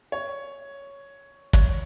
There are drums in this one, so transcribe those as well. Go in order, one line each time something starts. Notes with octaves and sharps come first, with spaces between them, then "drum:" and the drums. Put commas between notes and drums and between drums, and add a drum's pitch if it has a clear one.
C#5
C#5, drum: kick